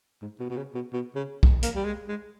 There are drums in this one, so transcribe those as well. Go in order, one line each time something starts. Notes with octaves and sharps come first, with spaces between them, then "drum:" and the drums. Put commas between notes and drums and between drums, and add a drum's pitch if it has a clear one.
G#2
B2
B2
C#3
B2
B2
C#3
drum: kick B1
A#3, drum: hi-hat
G3
G#3
G#3